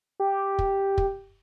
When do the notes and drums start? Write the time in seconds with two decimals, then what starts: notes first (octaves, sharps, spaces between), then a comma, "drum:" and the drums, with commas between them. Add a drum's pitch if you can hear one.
0.20 G4
0.59 drum: kick
0.98 drum: kick